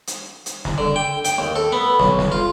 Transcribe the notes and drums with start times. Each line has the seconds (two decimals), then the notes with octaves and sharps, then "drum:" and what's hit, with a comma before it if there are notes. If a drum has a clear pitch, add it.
0.07 drum: hi-hat
0.46 drum: hi-hat
0.65 drum: snare
0.78 D3
0.96 G5
1.25 G5, drum: hi-hat
1.38 D#2
1.56 A4
1.72 B3
2.00 B1, drum: snare
2.19 drum: snare
2.32 F4